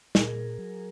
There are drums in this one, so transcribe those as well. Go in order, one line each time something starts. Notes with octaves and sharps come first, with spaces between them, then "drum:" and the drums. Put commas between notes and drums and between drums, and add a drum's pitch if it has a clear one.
A#2 G#4 A#4, drum: snare
F#3